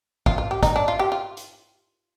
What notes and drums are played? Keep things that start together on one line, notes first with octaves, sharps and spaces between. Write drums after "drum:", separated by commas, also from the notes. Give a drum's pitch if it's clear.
F4, drum: kick
F4
G4
D#4, drum: kick, hi-hat
D4
F4
G4
F4
drum: hi-hat